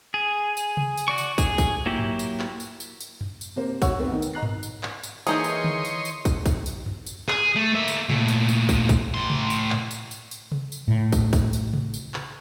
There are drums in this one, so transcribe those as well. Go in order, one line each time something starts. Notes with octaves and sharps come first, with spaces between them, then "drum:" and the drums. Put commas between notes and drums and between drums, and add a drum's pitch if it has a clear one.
G#4
drum: tambourine
drum: tom C3
drum: tambourine
F#4 D5 C#6
drum: tambourine
G#4, drum: kick, tambourine
drum: kick, tambourine
F#3 A#3 E4 F#4 G4
drum: tom G2
drum: tambourine
drum: clap
drum: tambourine
drum: tambourine
drum: tambourine
drum: tom F#2
drum: tambourine
C3 A#3 C5
F#4 C#5 F#5 C#6 E6, drum: kick, tambourine
C3 A3 B3 C4
D#3
drum: tambourine
D#5 A#5 F#6 C7
drum: tom G2
drum: tambourine
drum: clap
drum: tambourine
E3 A#3 D#4 G#4 C#5 D#5 C6 G6, drum: tambourine
drum: tambourine
drum: tom D3
drum: tambourine
drum: tambourine
drum: kick, tambourine
drum: kick, tambourine
drum: tambourine
drum: tom F#2
drum: tambourine
G#4, drum: clap
A3
A#3 E5
drum: tambourine
A#2 A3, drum: tom C3
drum: tambourine
drum: tambourine
drum: kick, tambourine
drum: kick, tambourine
A2 C6
drum: tom C3
drum: tambourine
drum: clap
drum: tambourine
drum: tambourine
drum: tambourine
drum: tom C3
drum: tambourine
A2
drum: kick, tambourine
drum: kick, tambourine
drum: tambourine
drum: tom C3
drum: tambourine
drum: clap